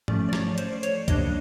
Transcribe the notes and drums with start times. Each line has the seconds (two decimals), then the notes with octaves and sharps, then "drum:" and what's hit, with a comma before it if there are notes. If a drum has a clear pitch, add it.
0.08 F3 A3 C#4 D5, drum: tom G#2
0.29 D5
0.33 C#5, drum: snare
0.58 C5, drum: hi-hat
0.83 C#5, drum: hi-hat
1.08 G3 A#3 D4 D#5, drum: kick C2, hi-hat